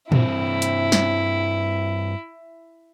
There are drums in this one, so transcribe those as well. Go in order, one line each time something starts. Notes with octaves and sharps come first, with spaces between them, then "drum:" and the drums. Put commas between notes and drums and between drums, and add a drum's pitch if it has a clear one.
G2 C4 E4, drum: tom
drum: hi-hat
drum: snare